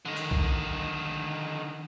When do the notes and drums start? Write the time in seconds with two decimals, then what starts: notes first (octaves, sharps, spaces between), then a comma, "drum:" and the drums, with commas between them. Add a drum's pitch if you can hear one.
0.05 D3 D#3
0.16 drum: tambourine
0.31 drum: kick B1